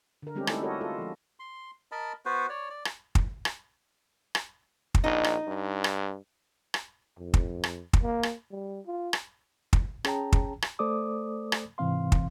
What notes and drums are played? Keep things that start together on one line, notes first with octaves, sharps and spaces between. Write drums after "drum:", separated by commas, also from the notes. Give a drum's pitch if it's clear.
D3 A#4
G3 G#3 C4 C#4 G4
G#3 A3 D#4 E4 A4, drum: rim click
F#4 G4 A4 A#4 C#5 D#5
F4 A4
F3 G#3
C6
A#4 D#5 A5 B5
B3 F#4 B4 C5
C#5 D5
D5
drum: rim click
drum: kick
drum: rim click
drum: rim click
drum: kick
A#1 D#4
drum: rim click
G2
drum: rim click
drum: rim click
F2
drum: kick
drum: rim click
drum: kick
A#3
drum: rim click
G3
F4
drum: rim click
drum: kick
C#4 G#4 C#5 G5 A5 A#5, drum: rim click
drum: kick
drum: rim click
A3 A4 C5 D5 D6 D#6
drum: rim click
G#2 C3 E3 C4 F5 C6
drum: kick